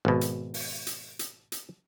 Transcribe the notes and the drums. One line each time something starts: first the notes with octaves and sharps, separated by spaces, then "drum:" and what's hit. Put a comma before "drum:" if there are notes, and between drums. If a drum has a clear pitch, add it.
G#1 B2
drum: hi-hat
drum: open hi-hat
drum: hi-hat
drum: hi-hat
drum: hi-hat